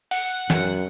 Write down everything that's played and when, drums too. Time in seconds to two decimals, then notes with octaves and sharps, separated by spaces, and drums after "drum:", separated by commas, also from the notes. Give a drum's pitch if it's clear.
0.11 F#5, drum: open hi-hat
0.50 F#2, drum: snare